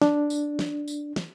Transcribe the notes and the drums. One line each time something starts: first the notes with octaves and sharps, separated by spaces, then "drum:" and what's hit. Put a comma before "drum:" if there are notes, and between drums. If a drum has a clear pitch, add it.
D4, drum: snare
drum: tambourine
drum: snare
drum: tambourine
drum: snare